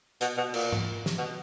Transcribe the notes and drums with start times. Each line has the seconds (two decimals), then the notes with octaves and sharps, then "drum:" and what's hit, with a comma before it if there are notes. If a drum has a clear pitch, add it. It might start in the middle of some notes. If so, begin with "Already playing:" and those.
0.21 B2, drum: hi-hat
0.37 B2
0.54 A#2, drum: cymbal
0.72 drum: tom G#2
1.06 drum: snare
1.18 B2